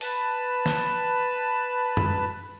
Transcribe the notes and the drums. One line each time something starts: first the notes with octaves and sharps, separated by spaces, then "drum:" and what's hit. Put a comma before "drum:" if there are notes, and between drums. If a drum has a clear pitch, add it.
B4 A5, drum: open hi-hat
drum: snare
drum: tom F#2